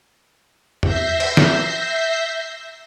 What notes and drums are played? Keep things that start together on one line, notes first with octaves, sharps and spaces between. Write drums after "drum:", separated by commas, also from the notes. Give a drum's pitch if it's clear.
E5 G6 A#6 C7, drum: tom E2
drum: cymbal
drum: snare